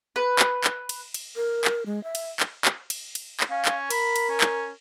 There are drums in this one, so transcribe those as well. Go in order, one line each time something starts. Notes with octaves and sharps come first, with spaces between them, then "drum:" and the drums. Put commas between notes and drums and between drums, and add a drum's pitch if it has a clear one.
B4
drum: clap
drum: clap
drum: cymbal
drum: cymbal
A#4
drum: clap
G#3
E5
drum: cymbal
drum: clap
drum: clap
drum: cymbal
drum: cymbal
drum: clap
C#4 F5
drum: clap
A#4 B5, drum: cymbal
drum: cymbal
C#4
drum: clap